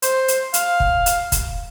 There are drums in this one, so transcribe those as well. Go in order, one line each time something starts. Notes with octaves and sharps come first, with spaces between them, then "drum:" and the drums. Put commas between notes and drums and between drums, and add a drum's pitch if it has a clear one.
C5, drum: hi-hat
drum: hi-hat
F5, drum: hi-hat
drum: kick
drum: hi-hat
drum: kick, hi-hat